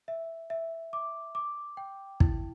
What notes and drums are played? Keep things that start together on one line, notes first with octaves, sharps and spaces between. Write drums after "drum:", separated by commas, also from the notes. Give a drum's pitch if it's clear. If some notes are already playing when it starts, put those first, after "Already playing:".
E5
E5
D6
D6
G5
E4, drum: kick